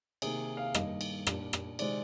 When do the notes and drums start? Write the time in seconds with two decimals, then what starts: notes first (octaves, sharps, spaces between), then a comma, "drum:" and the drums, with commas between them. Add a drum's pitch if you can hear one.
0.22 C3 D#3 A#3 G#4, drum: cymbal
0.57 F5
0.74 G2 D#3 A#3 D#5, drum: rim click
1.01 drum: cymbal
1.27 A#2 G3 D4, drum: rim click
1.53 drum: rim click
1.79 C3 D#3 G#3 C4 D5, drum: cymbal